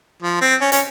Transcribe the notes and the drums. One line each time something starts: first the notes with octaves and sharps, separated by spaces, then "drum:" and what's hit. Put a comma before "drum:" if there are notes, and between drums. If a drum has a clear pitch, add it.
F3
C4
C#4
C#4, drum: hi-hat